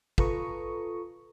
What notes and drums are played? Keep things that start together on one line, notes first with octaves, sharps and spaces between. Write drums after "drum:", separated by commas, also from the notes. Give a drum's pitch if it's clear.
F4 A4 B4 A#5 C#6 D#6, drum: kick